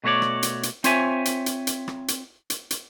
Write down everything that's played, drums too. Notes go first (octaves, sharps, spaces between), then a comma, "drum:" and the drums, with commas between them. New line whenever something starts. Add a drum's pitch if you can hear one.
B2 A3 F#4 C#5 D5
drum: rim click
drum: hi-hat
drum: hi-hat
C4 F4 C5 C#5 E5 G#5, drum: hi-hat
drum: hi-hat
drum: hi-hat
drum: hi-hat
drum: rim click
drum: hi-hat
drum: hi-hat
drum: hi-hat